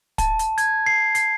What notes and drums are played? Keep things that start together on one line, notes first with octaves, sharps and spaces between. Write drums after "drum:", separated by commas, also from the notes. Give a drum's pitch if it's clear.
A5, drum: kick, hi-hat
drum: hi-hat
G#6, drum: hi-hat
C7
C7, drum: hi-hat